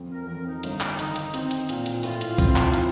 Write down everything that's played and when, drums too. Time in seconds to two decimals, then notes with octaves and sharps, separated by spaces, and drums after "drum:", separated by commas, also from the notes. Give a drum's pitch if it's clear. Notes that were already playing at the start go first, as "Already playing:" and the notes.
Already playing: F2
0.11 A#4
0.27 F2 A#4
0.46 D#4
0.63 G1 D#4, drum: hi-hat
0.81 drum: clap
0.99 D#3, drum: hi-hat
1.16 drum: hi-hat
1.34 C4, drum: hi-hat
1.51 drum: hi-hat
1.69 A#2, drum: hi-hat
1.86 drum: hi-hat
2.03 A2 F4, drum: open hi-hat
2.21 drum: hi-hat
2.38 C4, drum: kick, open hi-hat
2.56 drum: clap
2.73 D#3, drum: hi-hat